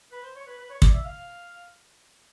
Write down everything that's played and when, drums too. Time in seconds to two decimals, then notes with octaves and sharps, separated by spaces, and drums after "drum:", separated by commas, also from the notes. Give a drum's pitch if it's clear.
0.12 B4
0.23 C5
0.36 C#5
0.47 B4
0.59 B4
0.70 C#5
0.82 D5, drum: kick
0.93 E5
1.04 F5